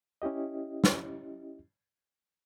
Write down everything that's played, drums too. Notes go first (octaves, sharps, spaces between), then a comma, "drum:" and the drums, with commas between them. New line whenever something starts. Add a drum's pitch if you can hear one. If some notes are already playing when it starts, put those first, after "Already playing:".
C#4 E4 G4 D#5
drum: snare